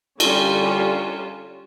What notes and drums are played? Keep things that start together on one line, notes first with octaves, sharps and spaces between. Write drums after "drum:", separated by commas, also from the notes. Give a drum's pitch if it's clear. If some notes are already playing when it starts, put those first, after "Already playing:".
D3 G3 C#4 F4, drum: cymbal